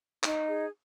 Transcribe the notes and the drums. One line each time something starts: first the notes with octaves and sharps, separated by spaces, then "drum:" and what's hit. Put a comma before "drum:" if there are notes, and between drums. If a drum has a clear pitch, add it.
D#4, drum: clap
G#4